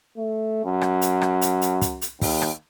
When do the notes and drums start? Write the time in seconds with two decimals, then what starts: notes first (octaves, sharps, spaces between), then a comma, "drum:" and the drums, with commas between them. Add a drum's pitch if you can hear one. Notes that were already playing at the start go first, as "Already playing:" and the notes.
0.17 A3
0.65 F#2
0.81 drum: rim click
1.01 drum: hi-hat
1.21 drum: rim click
1.41 drum: hi-hat
1.61 drum: hi-hat
1.81 drum: kick, hi-hat
2.01 drum: hi-hat
2.22 D#2, drum: kick, open hi-hat
2.42 drum: rim click